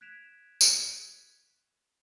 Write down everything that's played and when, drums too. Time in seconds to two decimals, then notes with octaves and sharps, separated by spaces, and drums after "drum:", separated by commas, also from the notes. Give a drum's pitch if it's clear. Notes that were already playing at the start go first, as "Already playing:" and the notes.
0.01 F#6 G#6 B6 D7 E7 F7
0.61 drum: tambourine